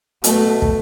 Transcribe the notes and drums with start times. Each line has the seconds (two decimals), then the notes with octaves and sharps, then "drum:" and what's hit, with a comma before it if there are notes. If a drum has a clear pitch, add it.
0.24 B2 A3, drum: hi-hat
0.62 drum: kick